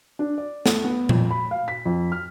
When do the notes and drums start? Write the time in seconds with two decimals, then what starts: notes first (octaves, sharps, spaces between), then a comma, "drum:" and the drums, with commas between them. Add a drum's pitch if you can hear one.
0.19 D4
0.38 D5
0.66 A3, drum: snare
0.84 B3
1.09 F2, drum: tom A#2
1.31 B5
1.51 F5
1.68 B6
1.85 F2
2.12 F6